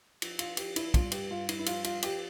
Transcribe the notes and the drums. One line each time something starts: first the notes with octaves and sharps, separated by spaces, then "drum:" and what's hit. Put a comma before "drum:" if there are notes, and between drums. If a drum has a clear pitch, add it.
F3, drum: cymbal
F4, drum: cymbal
F3 G4, drum: cymbal
E4, drum: cymbal
G2 F4, drum: kick, cymbal
G4, drum: cymbal
G2 F4
E4, drum: cymbal
E4
F3 F4, drum: cymbal
F4, drum: cymbal
F3 G4, drum: cymbal